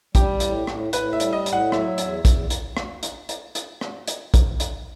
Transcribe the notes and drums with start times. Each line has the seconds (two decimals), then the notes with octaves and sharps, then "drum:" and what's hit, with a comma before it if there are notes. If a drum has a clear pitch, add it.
0.15 G3 G4, drum: kick, hi-hat
0.40 A2, drum: hi-hat
0.67 A2, drum: rim click
0.93 A2 B4, drum: hi-hat
1.13 E5
1.20 G3, drum: hi-hat
1.33 D#5
1.46 A2, drum: hi-hat
1.53 F#5
1.72 F#3 E5, drum: rim click
1.98 E2, drum: hi-hat
2.25 E2, drum: kick, hi-hat
2.50 drum: hi-hat
2.77 drum: rim click
3.03 drum: hi-hat
3.29 drum: hi-hat
3.55 drum: hi-hat
3.81 drum: rim click
4.08 drum: hi-hat
4.34 drum: kick, hi-hat
4.60 drum: hi-hat